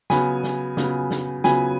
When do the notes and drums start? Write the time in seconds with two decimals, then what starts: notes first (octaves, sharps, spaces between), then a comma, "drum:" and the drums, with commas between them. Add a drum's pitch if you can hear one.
0.10 C#3 F#3 B3 G#5 B5, drum: snare
0.44 drum: snare
0.77 C#3 F#3 B3, drum: snare
1.11 drum: snare
1.44 C#3 F#3 B3 G#5 B5, drum: snare